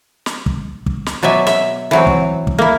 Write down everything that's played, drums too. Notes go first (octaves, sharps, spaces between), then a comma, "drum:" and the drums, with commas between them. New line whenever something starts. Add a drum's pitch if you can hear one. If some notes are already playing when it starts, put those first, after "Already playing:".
drum: snare
drum: kick
drum: kick
drum: snare
B2 F#3 D5 E5 G#5
E5, drum: snare
E3 F#3 C4
drum: kick
drum: kick
A#3 E4